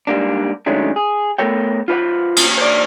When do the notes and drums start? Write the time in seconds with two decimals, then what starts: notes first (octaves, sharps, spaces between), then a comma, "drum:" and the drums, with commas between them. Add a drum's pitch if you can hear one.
0.07 G#2 G3 A#3 D4
0.66 D#3 F#3 G#3 A3 C#4 D4
0.96 G#4
1.38 A3 B3 A4 A#4 C#5 G5
1.88 F4 B4 C5 F#5
2.36 drum: cymbal
2.58 C5 D5